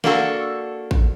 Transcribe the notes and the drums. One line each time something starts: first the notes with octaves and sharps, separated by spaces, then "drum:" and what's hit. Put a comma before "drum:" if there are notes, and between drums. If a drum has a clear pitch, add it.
A#3 D4 F#4 A4, drum: snare
drum: kick